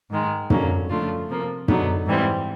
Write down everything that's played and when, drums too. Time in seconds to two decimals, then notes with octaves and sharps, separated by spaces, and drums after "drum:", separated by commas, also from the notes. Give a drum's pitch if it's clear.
0.10 G#2 D#3 G#3
0.50 F2 D3 F#3 A#3 C#4, drum: tom
0.89 C#3 F3 A3 D4 F4
1.28 C3 F3 A#3
1.68 D3 F#3 B3 D#4, drum: tom
2.06 G#2 E3 G3 C4